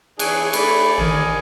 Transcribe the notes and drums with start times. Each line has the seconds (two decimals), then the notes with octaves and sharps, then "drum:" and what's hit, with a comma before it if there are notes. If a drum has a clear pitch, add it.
0.19 E3 D4 G#4 C#5 F#6 G#6 D#7, drum: cymbal
0.53 A3 D5 B5, drum: cymbal
0.98 A1 D#3 A#4 D#5 G#5